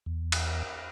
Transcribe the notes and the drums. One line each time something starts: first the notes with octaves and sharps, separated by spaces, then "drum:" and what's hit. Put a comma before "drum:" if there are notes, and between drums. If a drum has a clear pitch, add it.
E2
drum: cymbal